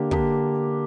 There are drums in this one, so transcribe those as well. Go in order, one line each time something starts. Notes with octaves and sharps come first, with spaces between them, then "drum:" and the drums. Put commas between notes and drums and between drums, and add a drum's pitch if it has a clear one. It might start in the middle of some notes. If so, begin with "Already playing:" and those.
Already playing: D3 A#3 D4 G4
D3 A#3 D4 G4, drum: kick